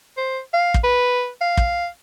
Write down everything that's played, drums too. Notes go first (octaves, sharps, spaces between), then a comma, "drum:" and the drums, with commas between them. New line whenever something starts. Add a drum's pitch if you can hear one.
C5
F5
drum: kick
B4
F5
drum: kick